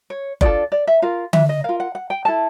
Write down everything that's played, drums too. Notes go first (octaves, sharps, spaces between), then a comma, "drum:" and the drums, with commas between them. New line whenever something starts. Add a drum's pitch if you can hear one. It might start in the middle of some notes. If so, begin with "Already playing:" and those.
C#5
D4 F4 A4 D5, drum: kick F#1
D5
E5
F4 A#4 F5
E5, drum: tom D3
D#5
F4 A#4 F5
F#5
F#5
G5
E4 A4 A5